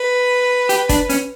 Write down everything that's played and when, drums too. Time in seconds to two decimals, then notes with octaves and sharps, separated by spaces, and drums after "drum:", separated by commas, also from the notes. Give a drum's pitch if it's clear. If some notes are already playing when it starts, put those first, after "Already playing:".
Already playing: B4
0.69 G4, drum: hi-hat
0.89 D4, drum: kick, hi-hat
1.09 C#4, drum: hi-hat